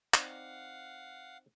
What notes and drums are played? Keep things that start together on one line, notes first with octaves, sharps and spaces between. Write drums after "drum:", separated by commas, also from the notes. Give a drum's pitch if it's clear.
C4 D#4 D5 F5 F#5, drum: clap